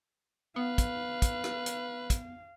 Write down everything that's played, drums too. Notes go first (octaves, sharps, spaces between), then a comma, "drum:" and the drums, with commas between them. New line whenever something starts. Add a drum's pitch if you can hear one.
B3 B4 F5
drum: kick, hi-hat
drum: kick, hi-hat
drum: rim click
drum: hi-hat
drum: kick, hi-hat